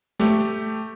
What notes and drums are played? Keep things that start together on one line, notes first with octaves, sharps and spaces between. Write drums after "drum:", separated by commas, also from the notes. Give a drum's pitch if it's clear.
A3 G4, drum: snare